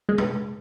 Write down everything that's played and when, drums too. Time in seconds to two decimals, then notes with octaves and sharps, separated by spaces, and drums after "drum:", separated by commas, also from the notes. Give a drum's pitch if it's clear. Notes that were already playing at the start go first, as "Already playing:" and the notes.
0.09 G#3
0.18 drum: tom